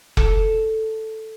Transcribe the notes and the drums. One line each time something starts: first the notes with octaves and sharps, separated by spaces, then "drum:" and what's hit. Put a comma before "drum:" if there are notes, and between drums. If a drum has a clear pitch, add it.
A4, drum: kick F1